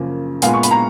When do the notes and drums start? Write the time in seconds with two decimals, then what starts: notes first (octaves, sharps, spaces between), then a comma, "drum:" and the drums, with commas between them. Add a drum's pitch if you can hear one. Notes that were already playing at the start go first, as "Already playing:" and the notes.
Already playing: F#2 C#3 F3 A#3
0.42 A#2 G#3 B3 F5 G#5, drum: hi-hat
0.54 C#6
0.63 B5, drum: hi-hat
0.71 A#5